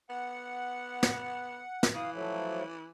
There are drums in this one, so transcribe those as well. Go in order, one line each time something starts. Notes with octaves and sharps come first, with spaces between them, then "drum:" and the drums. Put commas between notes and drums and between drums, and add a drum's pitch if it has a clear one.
B3 F#5
drum: snare
drum: snare
E3 F5 D#6
F3 F#3 A3